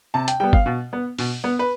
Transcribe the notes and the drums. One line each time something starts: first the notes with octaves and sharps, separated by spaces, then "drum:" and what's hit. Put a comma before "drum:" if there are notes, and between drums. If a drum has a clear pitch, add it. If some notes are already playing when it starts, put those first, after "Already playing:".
C3 A5
G5, drum: hi-hat
G3 B3 G5
F5, drum: kick
B2
B3
B2, drum: open hi-hat
B3
B4